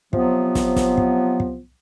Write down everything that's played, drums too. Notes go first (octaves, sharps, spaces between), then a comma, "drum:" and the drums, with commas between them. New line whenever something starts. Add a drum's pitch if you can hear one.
C3 F3 F#3 B3, drum: kick
drum: snare
drum: snare
drum: kick
drum: kick